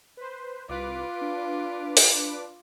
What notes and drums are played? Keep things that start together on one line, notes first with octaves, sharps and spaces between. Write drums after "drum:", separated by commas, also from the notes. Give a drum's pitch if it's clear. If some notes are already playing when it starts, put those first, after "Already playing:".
B4 C5
C2 F4 B4 D6
D4
drum: open hi-hat